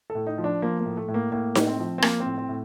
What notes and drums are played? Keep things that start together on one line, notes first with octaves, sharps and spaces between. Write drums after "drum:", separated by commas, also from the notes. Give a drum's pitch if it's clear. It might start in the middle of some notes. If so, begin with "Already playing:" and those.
A4
A2
D#4
F3
D4
F3 A#3
A#3
A2
A3
A2
A#3
A2 A#3
A2, drum: snare D#4
C4
F3
C4
F3 A#3, drum: rim click
C4
A2
C4
A2